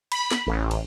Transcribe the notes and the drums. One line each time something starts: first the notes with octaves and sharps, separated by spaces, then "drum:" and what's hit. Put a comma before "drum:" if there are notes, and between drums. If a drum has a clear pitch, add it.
B5, drum: cymbal
drum: snare
A1
drum: cymbal